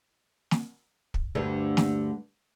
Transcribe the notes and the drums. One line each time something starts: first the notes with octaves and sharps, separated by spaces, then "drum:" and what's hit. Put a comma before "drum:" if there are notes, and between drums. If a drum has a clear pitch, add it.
drum: snare
drum: kick
D2 G2 D3
drum: snare